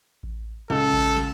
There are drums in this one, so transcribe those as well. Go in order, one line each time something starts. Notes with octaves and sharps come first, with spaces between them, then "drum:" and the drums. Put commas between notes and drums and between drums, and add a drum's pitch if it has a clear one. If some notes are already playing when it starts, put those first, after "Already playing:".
drum: kick A1
C#2 A4
drum: kick A1
drum: snare